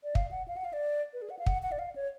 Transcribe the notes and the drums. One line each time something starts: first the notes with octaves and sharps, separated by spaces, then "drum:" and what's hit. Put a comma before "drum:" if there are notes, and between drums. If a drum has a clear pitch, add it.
D5
F5, drum: kick
F#5
F5
F#5
F5
D5
B4
G#4
F#5
F5
F#5, drum: kick
F#5
D5
F5
C#5